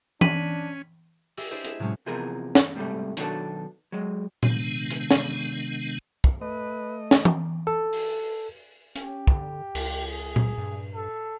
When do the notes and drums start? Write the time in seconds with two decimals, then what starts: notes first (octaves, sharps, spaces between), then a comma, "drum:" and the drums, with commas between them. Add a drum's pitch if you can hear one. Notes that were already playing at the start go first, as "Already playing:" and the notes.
0.21 C#4 D4 B6 D#7 F#7, drum: tom E3
1.38 G4 G#4 D#5 E5 E6, drum: open hi-hat
1.51 D4 E4 G4 C5 D#5 E5
1.65 G#4 E7, drum: hi-hat
1.79 A2 C3 F#3 G#3 C#4
2.06 C3 E3 F3 B3 G#4 A#4
2.55 drum: snare
2.76 G#2 C3 D#3 G3 A3
3.17 B2 D#3 F#3 B3 D4 A4, drum: hi-hat
3.92 F#3 G#3
4.43 C3 D#3 G#3 B3 D4, drum: tom A#2
4.91 drum: hi-hat
5.11 drum: snare
6.24 drum: kick
6.41 A3 B4 D#5
7.11 drum: snare
7.25 drum: tom E3
7.67 A4
7.93 drum: open hi-hat
8.96 C#4 G4, drum: hi-hat
9.27 D3, drum: kick
9.75 C#2, drum: cymbal
10.07 G#4
10.36 drum: tom A#2
10.58 G2
10.95 A4